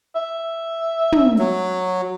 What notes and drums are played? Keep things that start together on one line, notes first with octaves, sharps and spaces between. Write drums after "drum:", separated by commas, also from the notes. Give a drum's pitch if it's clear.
E5
drum: tom
F#3